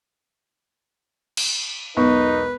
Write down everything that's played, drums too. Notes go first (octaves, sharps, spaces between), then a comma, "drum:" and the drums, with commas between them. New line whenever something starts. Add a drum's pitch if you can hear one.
drum: cymbal
E1 B1 D#4 B4 C#6